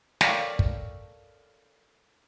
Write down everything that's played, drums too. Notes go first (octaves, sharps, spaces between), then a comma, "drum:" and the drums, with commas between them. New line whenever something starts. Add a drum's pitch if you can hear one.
A4 A#4 C#5 D5 F5 G5, drum: snare
drum: kick